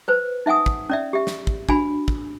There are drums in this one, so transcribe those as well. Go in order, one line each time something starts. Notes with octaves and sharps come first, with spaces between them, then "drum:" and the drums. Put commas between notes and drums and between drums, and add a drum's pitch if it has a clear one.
B4 C5
D#4 E5 F#5 G#5 D#6
drum: kick
C#4 D5 E5
G4 E5
drum: snare
drum: kick
D4 F#4 G#5 B5, drum: kick
drum: kick